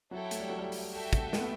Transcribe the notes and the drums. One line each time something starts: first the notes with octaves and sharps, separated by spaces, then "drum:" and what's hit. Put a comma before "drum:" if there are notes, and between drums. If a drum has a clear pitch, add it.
F#3 E4 A4 C#5 G5
A3, drum: hi-hat
G3
F#3
G3
drum: open hi-hat
F#4 A4 E5 G5
drum: kick, hi-hat
A3, drum: snare
B3